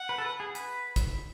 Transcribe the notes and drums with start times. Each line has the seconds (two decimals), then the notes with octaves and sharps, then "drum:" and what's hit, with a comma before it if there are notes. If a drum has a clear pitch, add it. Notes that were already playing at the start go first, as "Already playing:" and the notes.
Already playing: F#5
0.09 B4
0.18 A4
0.25 B4
0.40 G#4
0.55 B4, drum: hi-hat
0.96 drum: kick, hi-hat